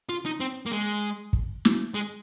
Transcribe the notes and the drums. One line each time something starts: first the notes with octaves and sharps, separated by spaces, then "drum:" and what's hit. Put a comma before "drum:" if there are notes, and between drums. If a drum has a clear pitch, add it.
F4
D#4
C4
A#3
G#3
drum: kick
drum: snare
G#3